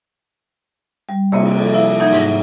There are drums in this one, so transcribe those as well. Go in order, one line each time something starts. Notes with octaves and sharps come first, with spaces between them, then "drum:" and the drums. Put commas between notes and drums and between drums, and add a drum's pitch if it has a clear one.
G3
C3 A#3 C4, drum: cymbal
F3 A4 A6
E4 E5 F5
F#3 A#3 D#4 E5 G6 G#6
G#2 F#3 A#6, drum: hi-hat